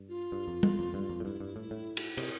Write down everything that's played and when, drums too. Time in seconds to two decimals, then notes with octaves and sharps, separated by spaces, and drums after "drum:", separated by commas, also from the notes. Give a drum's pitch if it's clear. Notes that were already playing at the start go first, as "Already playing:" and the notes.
Already playing: G2
0.09 F4
0.32 G2
0.48 F2
0.63 E2, drum: tom G3
0.79 F2
0.94 G2
1.09 F2
1.20 A2
1.24 G2 E4
1.40 G2
1.56 A2
1.71 A2
1.97 drum: cymbal
2.17 C3, drum: cymbal